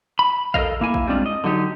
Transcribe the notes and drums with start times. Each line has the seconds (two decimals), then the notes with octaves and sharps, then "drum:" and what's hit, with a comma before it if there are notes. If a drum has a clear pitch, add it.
0.19 B5
0.54 A4 A#4 C5 D#5 F5, drum: kick A1
0.81 A#3 E4 G#5
0.94 drum: kick A1
1.07 G3 G#3 C4 D4 F4
1.26 D#5
1.44 D3 F#3 D#4 G4